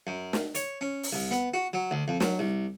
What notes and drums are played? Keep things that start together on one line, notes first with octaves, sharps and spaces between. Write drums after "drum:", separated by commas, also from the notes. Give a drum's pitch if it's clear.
F#2
drum: snare
C#5, drum: hi-hat
C#4
drum: open hi-hat
C2
B3
F#4
F#3
D2
F2
F#3, drum: snare
C2